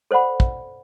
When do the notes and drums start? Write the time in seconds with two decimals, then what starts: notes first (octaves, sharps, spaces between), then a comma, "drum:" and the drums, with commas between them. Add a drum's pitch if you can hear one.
0.11 A4 C5 D5 F#5 B5
0.40 drum: kick